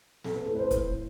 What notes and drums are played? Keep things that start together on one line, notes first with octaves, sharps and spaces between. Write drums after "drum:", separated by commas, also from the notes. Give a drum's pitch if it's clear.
C4 A4, drum: snare
B4
A2 A4
B4
C5
A2, drum: kick, hi-hat